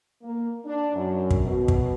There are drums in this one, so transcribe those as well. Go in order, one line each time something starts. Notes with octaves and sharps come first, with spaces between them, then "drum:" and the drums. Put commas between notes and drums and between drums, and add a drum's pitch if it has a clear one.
A#3
D4
F#2
drum: kick
B2
drum: kick